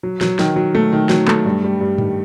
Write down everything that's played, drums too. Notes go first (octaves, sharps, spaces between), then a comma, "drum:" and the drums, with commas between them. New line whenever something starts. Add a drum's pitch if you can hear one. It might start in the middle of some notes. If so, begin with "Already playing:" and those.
F#3
F#3, drum: snare
D#3, drum: snare
F#3
A3
D#3
F#3, drum: snare
A3, drum: clap
G2
G3
G2
D#3, drum: tom G#2